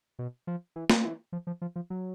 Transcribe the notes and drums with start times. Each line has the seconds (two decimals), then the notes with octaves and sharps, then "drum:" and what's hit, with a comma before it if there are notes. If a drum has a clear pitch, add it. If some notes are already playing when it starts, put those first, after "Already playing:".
0.19 B2
0.47 F3
0.76 E3
0.90 drum: snare A#3
1.05 E3
1.32 F3
1.47 F3
1.62 F3
1.76 F3
1.90 F#3